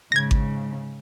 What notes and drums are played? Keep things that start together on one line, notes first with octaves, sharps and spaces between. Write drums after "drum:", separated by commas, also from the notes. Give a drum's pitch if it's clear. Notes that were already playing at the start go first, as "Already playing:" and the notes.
G#2 C#3 G#6 A#6
drum: kick G#1